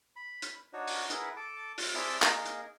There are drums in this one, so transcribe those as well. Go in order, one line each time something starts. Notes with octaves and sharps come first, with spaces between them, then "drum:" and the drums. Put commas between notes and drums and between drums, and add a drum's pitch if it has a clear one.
B5
drum: hi-hat
D4 D#4 F#4 C#5
drum: open hi-hat
E4 G#4 A#4 B4 F#5, drum: hi-hat
A4 A5 D6
drum: open hi-hat
C4 E4 G#4 D5 E5 A5
A#3 D#4 G#4 A#4, drum: clap
drum: hi-hat